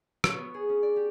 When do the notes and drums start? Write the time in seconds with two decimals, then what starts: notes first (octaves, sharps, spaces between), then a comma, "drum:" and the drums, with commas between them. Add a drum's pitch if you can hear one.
0.24 C#5, drum: rim click
0.38 B3
0.54 G#4
0.69 C#4
0.83 D5
0.96 G4